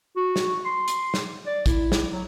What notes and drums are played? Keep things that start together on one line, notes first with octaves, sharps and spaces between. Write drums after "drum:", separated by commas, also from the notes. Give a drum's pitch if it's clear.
F#4
drum: snare
C6
drum: hi-hat
drum: snare
D5
E4, drum: kick, hi-hat
drum: snare
F#3